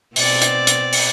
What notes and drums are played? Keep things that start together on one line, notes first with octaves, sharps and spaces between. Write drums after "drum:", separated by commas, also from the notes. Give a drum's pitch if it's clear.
B2 C4 D5, drum: open hi-hat
drum: hi-hat
drum: hi-hat
drum: open hi-hat